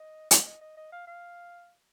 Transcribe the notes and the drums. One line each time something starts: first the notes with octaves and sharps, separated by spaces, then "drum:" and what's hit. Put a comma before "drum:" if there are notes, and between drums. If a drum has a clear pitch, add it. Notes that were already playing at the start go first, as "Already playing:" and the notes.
Already playing: D#5
D#5, drum: hi-hat
D#5
D#5
D#5
F5
F5